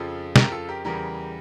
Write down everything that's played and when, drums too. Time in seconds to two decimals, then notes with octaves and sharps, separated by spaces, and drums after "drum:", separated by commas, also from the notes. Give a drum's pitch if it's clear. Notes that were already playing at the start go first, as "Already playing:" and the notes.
Already playing: F2 C#3 F3 F4 A4
0.36 G4 A#4, drum: snare
0.52 F4 A4
0.68 G4 A#4
0.84 E2 C#3 G3 G4 A#4